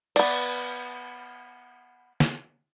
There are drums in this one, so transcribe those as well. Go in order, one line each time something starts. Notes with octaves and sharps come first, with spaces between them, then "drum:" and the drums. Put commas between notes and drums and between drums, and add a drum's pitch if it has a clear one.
B3 D5, drum: cymbal
drum: snare